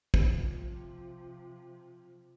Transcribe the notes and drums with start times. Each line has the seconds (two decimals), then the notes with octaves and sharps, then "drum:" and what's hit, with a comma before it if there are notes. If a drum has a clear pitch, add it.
0.14 C3 F3, drum: kick